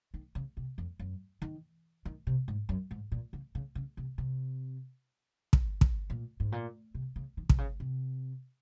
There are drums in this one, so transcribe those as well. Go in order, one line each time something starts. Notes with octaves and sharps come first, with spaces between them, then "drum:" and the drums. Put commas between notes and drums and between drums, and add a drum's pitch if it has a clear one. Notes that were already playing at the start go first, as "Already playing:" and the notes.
D#3
C#3
C3
F2
F#2
D#3
D#3
C3
G#2
F#2
G#2
A#2
C#3
C#3
C#3
C3
C3
drum: kick
drum: kick
A#2
G#2
A#2
C3
C#3
D#3
C3, drum: kick
C#3
C3